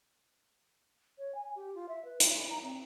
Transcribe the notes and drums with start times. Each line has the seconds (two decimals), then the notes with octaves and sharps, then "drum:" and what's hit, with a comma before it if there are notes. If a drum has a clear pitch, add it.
1.19 C#5
1.35 G#5
1.56 G4
1.75 F4
1.89 E5
2.05 B4
2.20 F4, drum: hi-hat
2.35 E4
2.50 A#5
2.63 C4